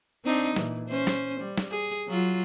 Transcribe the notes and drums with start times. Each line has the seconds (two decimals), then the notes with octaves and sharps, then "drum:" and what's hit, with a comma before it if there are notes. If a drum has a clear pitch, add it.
0.25 C4 D4 D#4
0.56 A#2 E3, drum: snare
0.88 C#4 C5
1.07 drum: snare
1.40 G3
1.58 drum: snare
1.71 G#4
2.08 F#3 F4